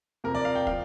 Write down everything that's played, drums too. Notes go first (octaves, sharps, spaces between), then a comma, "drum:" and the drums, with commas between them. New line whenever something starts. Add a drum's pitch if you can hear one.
F2 C3 F3 A#4
D5
F5
G5
F3 F5, drum: kick